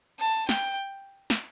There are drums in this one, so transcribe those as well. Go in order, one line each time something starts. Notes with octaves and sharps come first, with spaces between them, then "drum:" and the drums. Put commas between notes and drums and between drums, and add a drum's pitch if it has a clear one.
A5
G5, drum: snare
drum: snare